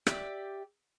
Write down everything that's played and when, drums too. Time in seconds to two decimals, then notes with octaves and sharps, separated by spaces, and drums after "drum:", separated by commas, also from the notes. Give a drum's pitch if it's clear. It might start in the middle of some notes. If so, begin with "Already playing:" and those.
0.07 G4 D5 E5, drum: rim click